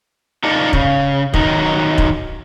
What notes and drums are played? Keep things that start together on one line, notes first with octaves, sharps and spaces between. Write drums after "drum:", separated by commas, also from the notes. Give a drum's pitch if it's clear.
D4 D#4 F4 A4 D5 D#5
C#3, drum: kick
D#3 F#3 D#4, drum: kick
drum: kick